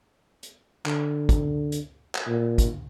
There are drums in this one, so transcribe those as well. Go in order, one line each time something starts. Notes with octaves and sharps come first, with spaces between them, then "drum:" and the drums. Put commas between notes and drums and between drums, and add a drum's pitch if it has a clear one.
drum: hi-hat
D3, drum: clap
drum: kick, hi-hat
drum: hi-hat
drum: clap
A#2
drum: kick, hi-hat